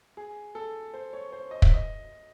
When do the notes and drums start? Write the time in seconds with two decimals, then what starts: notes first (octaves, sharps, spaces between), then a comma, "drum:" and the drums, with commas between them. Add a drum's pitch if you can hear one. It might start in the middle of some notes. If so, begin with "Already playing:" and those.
0.17 G#4
0.55 A4
0.94 C5
1.13 C#5
1.32 C5
1.51 D#5
1.62 E5, drum: kick
1.74 D#5